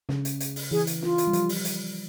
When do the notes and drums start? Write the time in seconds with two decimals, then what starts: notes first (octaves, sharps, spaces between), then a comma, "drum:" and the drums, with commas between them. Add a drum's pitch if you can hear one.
0.09 C#3, drum: snare
0.25 drum: hi-hat
0.40 drum: hi-hat
0.56 drum: open hi-hat
0.71 E3 G#4
0.87 drum: hi-hat
1.02 F4, drum: snare
1.18 drum: hi-hat
1.27 G3
1.33 F3, drum: hi-hat
1.49 drum: open hi-hat
1.65 drum: hi-hat